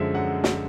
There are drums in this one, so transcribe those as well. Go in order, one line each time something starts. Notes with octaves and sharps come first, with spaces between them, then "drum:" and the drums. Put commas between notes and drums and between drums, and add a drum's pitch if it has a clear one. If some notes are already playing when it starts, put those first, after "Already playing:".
Already playing: F#2 D3 F3 G#3 E5
F#2 F#5
drum: snare